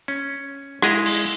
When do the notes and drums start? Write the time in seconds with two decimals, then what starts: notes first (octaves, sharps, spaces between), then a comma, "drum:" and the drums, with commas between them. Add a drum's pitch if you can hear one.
0.08 C#4
0.82 G#3 E4 G#4 D#5 F5, drum: rim click
1.06 drum: open hi-hat